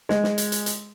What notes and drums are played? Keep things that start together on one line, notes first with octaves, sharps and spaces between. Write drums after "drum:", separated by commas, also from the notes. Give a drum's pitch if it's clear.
G#3, drum: snare
drum: snare
drum: hi-hat
drum: hi-hat
drum: hi-hat